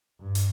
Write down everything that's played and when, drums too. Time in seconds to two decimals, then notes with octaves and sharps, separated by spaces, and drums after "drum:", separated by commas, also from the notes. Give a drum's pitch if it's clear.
0.20 G2
0.35 drum: hi-hat